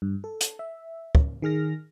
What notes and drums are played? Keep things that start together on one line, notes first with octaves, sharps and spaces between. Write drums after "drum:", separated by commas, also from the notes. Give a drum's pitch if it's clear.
G2
A4
drum: hi-hat
E5
drum: kick
D#3 G#4 F6 A#6